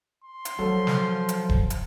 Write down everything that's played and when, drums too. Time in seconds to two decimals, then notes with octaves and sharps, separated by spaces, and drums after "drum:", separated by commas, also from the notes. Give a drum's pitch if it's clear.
0.24 C6
0.45 drum: hi-hat
0.59 F3 F#3 F#4 A4 C#5
0.87 drum: snare
1.29 drum: hi-hat
1.49 drum: kick D#1
1.70 drum: hi-hat